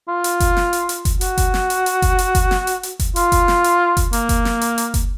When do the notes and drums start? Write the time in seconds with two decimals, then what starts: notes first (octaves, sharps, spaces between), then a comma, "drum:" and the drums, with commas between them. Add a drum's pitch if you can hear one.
0.08 F4
0.24 drum: hi-hat
0.40 drum: kick F#1, hi-hat
0.57 drum: snare
0.73 drum: hi-hat
0.89 drum: hi-hat
1.05 drum: kick F#1, hi-hat
1.21 F#4, drum: hi-hat
1.38 drum: kick F#1, hi-hat
1.54 drum: snare
1.70 drum: hi-hat
1.86 drum: hi-hat
2.02 drum: kick F#1, hi-hat
2.19 drum: hi-hat
2.35 drum: kick F#1, hi-hat
2.51 drum: snare
2.67 drum: hi-hat
2.83 drum: hi-hat
3.00 drum: kick F#1, hi-hat
3.16 F4, drum: hi-hat
3.32 drum: kick F#1, hi-hat
3.48 drum: snare
3.64 drum: hi-hat
3.97 drum: kick F#1, hi-hat
4.13 A#3, drum: hi-hat
4.29 drum: kick F#1, hi-hat
4.45 drum: snare
4.61 drum: hi-hat
4.78 drum: hi-hat
4.94 drum: kick F#1, hi-hat